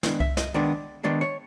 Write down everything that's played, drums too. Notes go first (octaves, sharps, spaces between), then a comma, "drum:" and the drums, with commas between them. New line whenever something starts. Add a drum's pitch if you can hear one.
D#3 G#3 B3 D4, drum: snare
E5, drum: kick C2
D#5, drum: snare
D#3 G#3 B3 D4 D5
D#3 G#3 B3 D4 D5
C#5